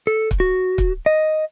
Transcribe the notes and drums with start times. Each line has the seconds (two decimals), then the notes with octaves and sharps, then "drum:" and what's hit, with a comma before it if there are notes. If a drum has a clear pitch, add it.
0.07 A4
0.31 drum: kick
0.40 F#4
0.78 drum: kick
1.06 D#5